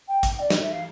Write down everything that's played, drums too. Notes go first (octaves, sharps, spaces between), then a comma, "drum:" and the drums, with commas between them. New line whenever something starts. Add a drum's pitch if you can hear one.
G5
drum: kick, hi-hat
D5
D#5, drum: snare
E5
F5